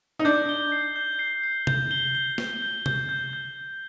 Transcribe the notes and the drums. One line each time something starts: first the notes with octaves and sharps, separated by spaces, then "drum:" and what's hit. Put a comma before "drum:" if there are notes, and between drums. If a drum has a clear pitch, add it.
D#4
D4 G6
G7
C7
G6
C7
C7
G6, drum: tom C3
G7
G7
G6, drum: snare
G6
G6, drum: tom C3
G6
G6